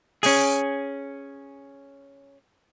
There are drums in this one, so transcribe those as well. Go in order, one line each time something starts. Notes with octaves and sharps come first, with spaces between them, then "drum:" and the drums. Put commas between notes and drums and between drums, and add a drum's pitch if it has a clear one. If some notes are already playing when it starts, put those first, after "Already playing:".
C#4 G#4, drum: open hi-hat